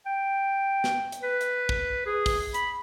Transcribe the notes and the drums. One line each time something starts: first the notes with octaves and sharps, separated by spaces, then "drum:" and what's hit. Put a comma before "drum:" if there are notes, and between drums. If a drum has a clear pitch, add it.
G5
drum: snare
drum: hi-hat
B4
drum: hi-hat
drum: kick
G#4
drum: kick, open hi-hat
B5, drum: hi-hat